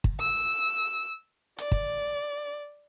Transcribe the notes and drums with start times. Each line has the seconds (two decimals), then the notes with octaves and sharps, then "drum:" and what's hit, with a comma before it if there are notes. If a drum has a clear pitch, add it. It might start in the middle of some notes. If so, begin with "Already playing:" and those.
0.04 drum: kick
0.20 E6
1.58 D5, drum: hi-hat
1.72 drum: kick